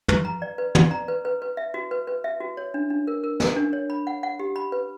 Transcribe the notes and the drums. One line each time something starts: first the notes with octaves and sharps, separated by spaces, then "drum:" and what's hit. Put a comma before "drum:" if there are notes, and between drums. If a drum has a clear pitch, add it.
B4, drum: tom
A#5
D5
B4
D5, drum: tom
A#5
B4
B4
B4
E5
F#4
B4
B4
E5
F#4
C#5
D4
D4
A#4
A#4
A#4, drum: snare
D4
C#5
B5
F#5
F#5
G4
B5
B4